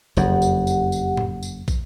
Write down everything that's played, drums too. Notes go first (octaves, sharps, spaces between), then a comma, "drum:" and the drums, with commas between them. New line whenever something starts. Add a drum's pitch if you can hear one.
F#1 F2 G4 F#5, drum: tambourine
drum: tambourine
drum: tambourine
drum: tambourine
drum: tom A2
drum: tambourine
drum: kick, tambourine